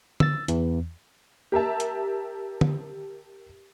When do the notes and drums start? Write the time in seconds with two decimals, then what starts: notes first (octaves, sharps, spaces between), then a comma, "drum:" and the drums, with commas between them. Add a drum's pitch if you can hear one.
0.20 E6 A6, drum: tom D3
0.48 E2 E3, drum: hi-hat
1.52 G4 A#4 E5 A5
1.80 drum: hi-hat
2.61 drum: tom D3